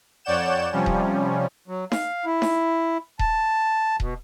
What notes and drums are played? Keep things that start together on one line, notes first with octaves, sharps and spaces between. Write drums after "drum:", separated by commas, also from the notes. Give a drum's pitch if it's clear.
F2 C#5 D5 F#5 G6 E7
C3 F3 G3 C#4
drum: kick D#1
F#3
F5, drum: snare D#4
E4
drum: snare D#4
A5, drum: kick D#1
B2, drum: kick D#1